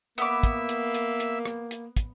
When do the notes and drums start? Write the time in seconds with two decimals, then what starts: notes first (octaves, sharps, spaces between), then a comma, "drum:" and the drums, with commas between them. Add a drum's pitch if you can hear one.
0.18 A#3 B3 E5 D6, drum: hi-hat
0.43 drum: kick, hi-hat
0.69 drum: hi-hat
0.94 drum: hi-hat
1.20 drum: hi-hat
1.45 drum: rim click
1.71 drum: hi-hat
1.97 drum: kick, hi-hat